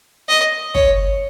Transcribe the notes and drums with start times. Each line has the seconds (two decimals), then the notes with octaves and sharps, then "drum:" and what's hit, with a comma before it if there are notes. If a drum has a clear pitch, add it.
0.29 D#5
0.75 C#5, drum: kick